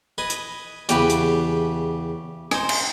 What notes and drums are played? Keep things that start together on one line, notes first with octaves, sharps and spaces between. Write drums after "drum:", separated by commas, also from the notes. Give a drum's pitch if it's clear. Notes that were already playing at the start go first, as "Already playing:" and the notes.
B4 D#5 G#5
drum: hi-hat
E2 C#3 G4 B4, drum: hi-hat
drum: hi-hat
D#4 C5 G#5, drum: rim click
drum: cymbal